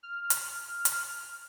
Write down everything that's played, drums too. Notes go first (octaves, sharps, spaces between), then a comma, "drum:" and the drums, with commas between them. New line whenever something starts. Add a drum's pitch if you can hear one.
F6
drum: hi-hat
drum: hi-hat